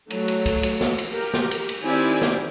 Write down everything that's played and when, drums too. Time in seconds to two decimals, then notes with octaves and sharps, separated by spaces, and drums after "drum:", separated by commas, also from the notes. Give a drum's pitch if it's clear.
0.10 F#3 A3 A4, drum: cymbal
0.28 drum: cymbal
0.46 drum: kick, cymbal
0.63 drum: cymbal
0.81 drum: snare
0.98 drum: cymbal
1.12 G4 A#4
1.34 drum: snare
1.51 drum: cymbal
1.69 drum: cymbal
1.82 D#3 C4 E4 G4 D5 G#5
2.22 drum: snare